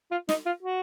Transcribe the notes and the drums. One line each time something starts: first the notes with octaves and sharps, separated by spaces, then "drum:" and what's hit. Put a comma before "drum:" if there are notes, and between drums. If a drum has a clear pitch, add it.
F4
D#4, drum: snare
F4
F#4